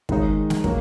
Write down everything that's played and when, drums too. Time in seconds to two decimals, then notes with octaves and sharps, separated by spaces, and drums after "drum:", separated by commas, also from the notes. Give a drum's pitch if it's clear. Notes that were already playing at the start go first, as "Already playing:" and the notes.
0.09 D#3 G#3 D#4, drum: kick
0.50 drum: snare
0.64 F#3 A#3, drum: kick